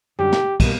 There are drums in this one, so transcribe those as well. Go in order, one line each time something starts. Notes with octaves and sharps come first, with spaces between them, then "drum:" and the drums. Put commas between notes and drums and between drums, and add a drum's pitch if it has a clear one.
F#2 D3 G3 G4
drum: snare
B2 G3 A#3, drum: kick, cymbal